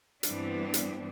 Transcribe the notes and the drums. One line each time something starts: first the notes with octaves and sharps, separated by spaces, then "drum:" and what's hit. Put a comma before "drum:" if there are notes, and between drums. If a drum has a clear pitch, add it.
G2 E3 G3 B3 C4 D4, drum: hi-hat
drum: hi-hat